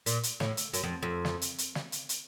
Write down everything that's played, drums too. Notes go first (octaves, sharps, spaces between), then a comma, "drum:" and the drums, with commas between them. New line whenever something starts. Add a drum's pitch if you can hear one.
A#2, drum: hi-hat
drum: hi-hat
A2, drum: snare
drum: hi-hat
F#2, drum: hi-hat
F2
F2
drum: snare
drum: hi-hat
drum: hi-hat
drum: snare
drum: hi-hat
drum: hi-hat